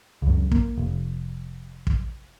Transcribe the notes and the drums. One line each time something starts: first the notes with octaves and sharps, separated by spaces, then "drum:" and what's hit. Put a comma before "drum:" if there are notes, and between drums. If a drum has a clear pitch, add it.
C#2 F#2
A#3, drum: kick
F1
drum: kick